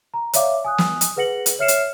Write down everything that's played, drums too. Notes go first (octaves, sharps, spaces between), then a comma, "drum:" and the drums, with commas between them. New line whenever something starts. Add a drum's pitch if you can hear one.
A#5
C#5 D5 E5 F5 D6, drum: hi-hat
G#5 D#6 F#6
drum: snare
drum: hi-hat
G#4 B4 F#5 A#6 C#7 F#7
drum: hi-hat
C#5 E5 F6 C7 C#7 E7
drum: hi-hat